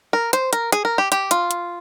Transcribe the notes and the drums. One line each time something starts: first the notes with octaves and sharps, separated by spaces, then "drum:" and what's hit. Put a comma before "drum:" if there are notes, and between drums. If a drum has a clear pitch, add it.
A#4
C5, drum: hi-hat
A#4, drum: hi-hat
G#4, drum: hi-hat
A#4
G4
G4, drum: hi-hat
F4, drum: hi-hat
drum: hi-hat